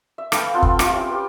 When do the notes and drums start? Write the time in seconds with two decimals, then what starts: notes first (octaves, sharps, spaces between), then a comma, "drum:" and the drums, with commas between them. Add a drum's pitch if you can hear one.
0.18 E5
0.32 A4 B4 F5 G5, drum: rim click
0.53 B3 C4 F4 A4
0.63 drum: kick
0.79 E4 F4 G4, drum: rim click
0.92 C#4 G5 A5 A#5
1.08 G4 B4 D6